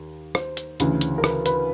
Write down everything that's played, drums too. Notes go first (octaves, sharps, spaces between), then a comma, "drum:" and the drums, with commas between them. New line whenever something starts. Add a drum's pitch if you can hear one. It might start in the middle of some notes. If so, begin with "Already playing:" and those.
Already playing: D#2
C5, drum: rim click
drum: hi-hat
D2 C#3 E3, drum: hi-hat
drum: hi-hat
A#4
B4, drum: rim click
B4, drum: hi-hat